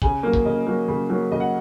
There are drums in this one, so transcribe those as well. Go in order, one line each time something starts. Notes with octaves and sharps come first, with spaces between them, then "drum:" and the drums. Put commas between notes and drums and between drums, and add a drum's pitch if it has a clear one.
C#3 G#5, drum: kick
F#3 A#3
drum: kick
C#3 D#5
F#3 A#3
C#3
F#3 A#3
C#3 D#5
F#5